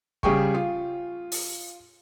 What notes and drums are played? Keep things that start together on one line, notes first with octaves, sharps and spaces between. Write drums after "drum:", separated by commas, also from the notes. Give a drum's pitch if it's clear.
C#3 G3 G#4 G5 C#6, drum: kick
F4
drum: open hi-hat